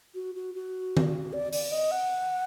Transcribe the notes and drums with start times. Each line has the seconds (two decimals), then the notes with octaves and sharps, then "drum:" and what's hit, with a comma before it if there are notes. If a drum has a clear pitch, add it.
0.15 F#4
0.35 F#4
0.55 F#4
0.97 drum: tom D#3
1.33 D5
1.53 D5, drum: open hi-hat
1.72 D#5
1.91 F#5